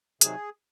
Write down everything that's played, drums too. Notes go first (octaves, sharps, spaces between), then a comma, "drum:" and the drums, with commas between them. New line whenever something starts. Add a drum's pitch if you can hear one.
C3 D#3 F#3 G#4, drum: hi-hat